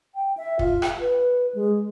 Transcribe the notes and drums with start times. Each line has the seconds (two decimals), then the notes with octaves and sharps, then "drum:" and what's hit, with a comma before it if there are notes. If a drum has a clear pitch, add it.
0.15 G5
0.37 E5
0.59 F4, drum: kick
0.82 drum: rim click
1.00 B4
1.55 G#3